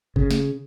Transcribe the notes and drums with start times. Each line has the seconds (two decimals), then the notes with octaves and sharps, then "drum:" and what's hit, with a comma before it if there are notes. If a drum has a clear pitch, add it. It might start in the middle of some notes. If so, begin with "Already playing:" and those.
0.16 C#3, drum: kick G1
0.31 drum: snare